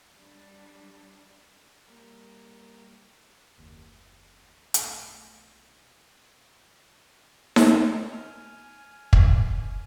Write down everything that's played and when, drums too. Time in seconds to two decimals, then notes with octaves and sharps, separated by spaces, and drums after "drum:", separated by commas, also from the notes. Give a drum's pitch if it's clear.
0.16 G3 D4
1.88 G3 A#3
3.58 F#1 D#2
4.74 B1 A3, drum: hi-hat
7.56 drum: snare D#4
8.13 G#5 F6 F7
9.13 drum: kick